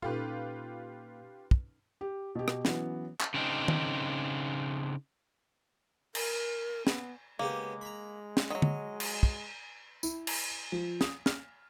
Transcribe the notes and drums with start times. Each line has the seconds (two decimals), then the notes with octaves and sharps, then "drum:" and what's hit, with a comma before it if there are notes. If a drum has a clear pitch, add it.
0.02 A#2 C#4 D#4 F4 G4 A4 B4
1.51 drum: kick
2.01 G4
2.35 B2 G4
2.48 drum: rim click
2.65 E3 F#3 B3 C#4, drum: snare
3.21 drum: clap
3.34 C#3 C4 D4 D#4
3.68 drum: tom D#3
6.15 A#4, drum: cymbal
6.87 B3, drum: snare
7.39 C#3 G#3 A#3 B3 G4
7.81 A#5 B5
8.37 drum: snare
8.50 D#3 F#3 D#5
8.62 drum: tom D3
9.00 drum: cymbal
9.23 drum: kick
10.03 E4, drum: tambourine
10.27 drum: cymbal
10.72 F3
11.01 D#6, drum: snare
11.26 F6, drum: snare